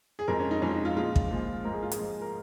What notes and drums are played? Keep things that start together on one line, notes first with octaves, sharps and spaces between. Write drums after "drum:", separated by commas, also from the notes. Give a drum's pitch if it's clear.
G#4
F2 F3 G#3 A#4
C#4
D#4
F2 F3 G#3 C#4
D#4
F4
A#2 F3 G#3 F4
drum: kick
A#2 F3 G#3
G#2 F3 G#3 A#4
G#4
F4
G#4, drum: hi-hat
G#2 F3 G#3
A#4